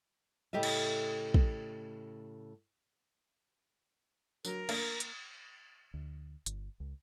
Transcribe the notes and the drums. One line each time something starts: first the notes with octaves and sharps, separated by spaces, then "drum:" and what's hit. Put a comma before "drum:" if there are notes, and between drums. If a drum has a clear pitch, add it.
A2 C#3 A3 G4 D#5 E5
drum: cymbal
drum: kick
F#3 A#4, drum: tambourine
A#3, drum: cymbal
drum: hi-hat
D2
G1, drum: hi-hat
C#2